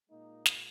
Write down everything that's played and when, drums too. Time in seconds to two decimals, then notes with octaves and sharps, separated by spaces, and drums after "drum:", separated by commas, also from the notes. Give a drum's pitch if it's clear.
0.10 A#2 G#3 A#3 D#4
0.46 drum: snare